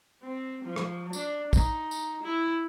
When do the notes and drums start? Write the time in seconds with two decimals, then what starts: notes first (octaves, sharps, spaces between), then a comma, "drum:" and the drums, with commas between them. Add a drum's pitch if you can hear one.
0.23 C4
0.64 F3
0.76 drum: rim click
1.13 D4, drum: tambourine
1.53 D#4, drum: kick, tambourine
1.91 drum: tambourine
2.22 E4